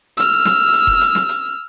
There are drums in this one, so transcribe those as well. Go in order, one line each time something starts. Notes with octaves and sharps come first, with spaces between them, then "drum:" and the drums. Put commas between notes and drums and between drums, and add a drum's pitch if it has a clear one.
E6 F6, drum: hi-hat
drum: snare
drum: hi-hat
drum: kick F1
drum: hi-hat
drum: snare
drum: hi-hat